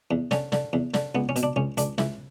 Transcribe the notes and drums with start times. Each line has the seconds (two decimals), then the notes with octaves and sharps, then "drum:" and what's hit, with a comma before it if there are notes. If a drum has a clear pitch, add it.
0.11 E2
0.31 D3 C#4, drum: snare
0.52 D3, drum: snare
0.73 E2
0.94 D3, drum: snare
1.15 C#2 B3
1.29 C#4
1.36 B2, drum: hi-hat
1.43 D4
1.56 C#2 C#4
1.77 C#2 D4, drum: hi-hat
1.98 C#2 E4, drum: snare